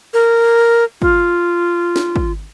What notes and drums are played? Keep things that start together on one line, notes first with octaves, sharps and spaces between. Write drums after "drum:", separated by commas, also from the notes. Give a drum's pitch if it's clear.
A#4
F4, drum: kick
drum: snare
drum: kick